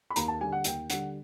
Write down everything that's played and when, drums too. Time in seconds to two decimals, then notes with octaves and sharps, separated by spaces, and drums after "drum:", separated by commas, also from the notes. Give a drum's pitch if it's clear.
0.10 B5
0.16 D#2 A#5, drum: hi-hat
0.28 A5
0.41 D3 G3 G#5
0.52 F#5
0.64 D#2 G5, drum: hi-hat
0.90 D3 G3 F#5, drum: hi-hat